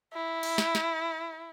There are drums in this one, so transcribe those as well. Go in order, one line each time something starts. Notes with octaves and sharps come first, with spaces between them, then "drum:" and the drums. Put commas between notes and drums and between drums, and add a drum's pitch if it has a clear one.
E4
drum: cymbal
drum: snare
drum: snare